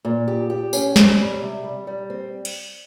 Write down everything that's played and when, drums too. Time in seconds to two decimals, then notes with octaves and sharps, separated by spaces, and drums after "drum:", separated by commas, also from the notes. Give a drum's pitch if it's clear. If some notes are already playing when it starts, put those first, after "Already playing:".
0.05 A#2
0.28 G4
0.50 G4
0.73 C#4, drum: tambourine
0.96 C4, drum: snare
1.19 G3
1.42 C3
1.64 G3
1.87 G3
2.10 C4
2.45 drum: cymbal